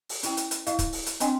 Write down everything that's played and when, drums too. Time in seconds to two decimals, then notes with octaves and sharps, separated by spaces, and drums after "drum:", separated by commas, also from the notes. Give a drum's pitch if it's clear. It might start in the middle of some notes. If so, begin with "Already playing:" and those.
0.09 drum: open hi-hat
0.23 C#4 E4 G5, drum: hi-hat
0.37 drum: hi-hat
0.51 drum: hi-hat
0.66 E4 D#5 F5, drum: hi-hat
0.79 drum: kick, hi-hat
0.92 drum: open hi-hat
1.06 drum: hi-hat
1.20 C4 D4 D#5 G5 G#5 C6, drum: hi-hat